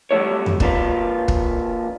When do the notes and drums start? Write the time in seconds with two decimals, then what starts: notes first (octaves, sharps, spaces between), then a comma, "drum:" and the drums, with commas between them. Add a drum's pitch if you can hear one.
0.11 F#3 G3 A3 E4 C#5
0.46 drum: tom F2
0.60 A#3 D4 F4 B4, drum: kick
1.28 drum: kick